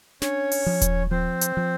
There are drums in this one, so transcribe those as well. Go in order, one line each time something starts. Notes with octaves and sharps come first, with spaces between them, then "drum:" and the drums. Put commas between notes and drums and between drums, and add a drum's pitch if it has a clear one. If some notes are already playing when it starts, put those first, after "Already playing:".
C#4 D4 C#5, drum: snare
drum: open hi-hat
F3
drum: kick D#1, hi-hat
F3 C4 C5
drum: hi-hat
F3